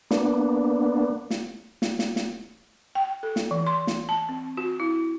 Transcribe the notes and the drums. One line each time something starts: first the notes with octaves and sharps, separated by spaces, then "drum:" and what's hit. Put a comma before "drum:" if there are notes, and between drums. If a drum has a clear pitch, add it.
A#3 B3 D4, drum: snare
drum: snare
drum: snare
drum: snare
drum: snare
G5
A4
drum: snare
E3
C6
drum: snare
A5
C4
F#4
E4